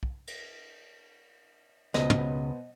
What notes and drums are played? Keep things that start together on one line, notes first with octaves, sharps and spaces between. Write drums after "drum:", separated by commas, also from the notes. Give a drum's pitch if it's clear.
drum: kick B1
drum: cymbal
C#2 B2 B3 C5 D#5, drum: snare
drum: tom